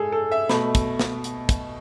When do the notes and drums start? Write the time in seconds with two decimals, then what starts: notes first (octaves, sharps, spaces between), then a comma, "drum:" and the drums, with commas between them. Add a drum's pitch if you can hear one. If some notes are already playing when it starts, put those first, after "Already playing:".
Already playing: G#2 G#4 A4
0.12 A4
0.32 E5
0.49 B2 A3 B5, drum: snare
0.75 drum: kick, hi-hat
0.99 drum: snare
1.24 drum: hi-hat
1.49 drum: kick, hi-hat